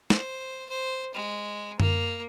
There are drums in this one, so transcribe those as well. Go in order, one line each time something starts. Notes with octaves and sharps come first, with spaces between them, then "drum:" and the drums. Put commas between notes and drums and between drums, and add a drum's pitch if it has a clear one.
C5, drum: snare
C5
G#3
A#3, drum: tom F#2